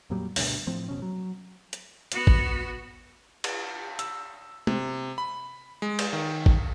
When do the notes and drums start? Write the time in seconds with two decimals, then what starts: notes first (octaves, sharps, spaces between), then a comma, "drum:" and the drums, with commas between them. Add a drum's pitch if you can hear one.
0.10 F2 A#2 F#3 G3
0.36 D2 G2 B2, drum: open hi-hat
0.67 A2 F3 C4
0.88 E1 B2 C#4
1.02 F#3
1.73 drum: hi-hat
2.12 B3 F#4, drum: hi-hat
2.27 drum: kick
3.44 drum: cymbal
3.99 E6, drum: hi-hat
4.67 C3, drum: tom
5.18 B5
5.82 G#3
5.99 drum: cymbal
6.13 D#3
6.46 drum: kick